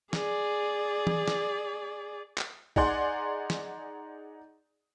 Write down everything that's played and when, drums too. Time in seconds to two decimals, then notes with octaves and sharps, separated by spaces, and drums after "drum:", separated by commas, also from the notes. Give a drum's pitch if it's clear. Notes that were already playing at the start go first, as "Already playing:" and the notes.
0.13 G#4 D5, drum: snare
1.07 drum: tom E3
1.28 drum: snare
2.38 drum: clap
2.76 D#4 G#4 D5 F#5 C6, drum: kick
3.50 drum: snare